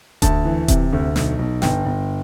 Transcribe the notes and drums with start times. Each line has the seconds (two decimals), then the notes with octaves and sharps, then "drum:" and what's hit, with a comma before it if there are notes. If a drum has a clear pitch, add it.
0.22 D2 A5, drum: kick D#1, hi-hat
0.45 E3
0.68 C3, drum: kick D#1, hi-hat
0.93 D2
1.16 B1, drum: snare
1.39 B1
1.62 G1 G5, drum: snare
1.86 G1